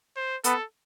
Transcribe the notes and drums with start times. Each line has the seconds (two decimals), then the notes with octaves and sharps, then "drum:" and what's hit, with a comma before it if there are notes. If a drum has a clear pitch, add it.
0.16 C5
0.44 B3 A4, drum: hi-hat